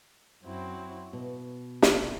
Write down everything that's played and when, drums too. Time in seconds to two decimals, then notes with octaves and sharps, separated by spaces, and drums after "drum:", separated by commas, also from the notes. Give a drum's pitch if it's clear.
0.43 F#2 F#3 C4 E4
1.13 B2
1.82 C3 E3 B3 F#4 C5, drum: snare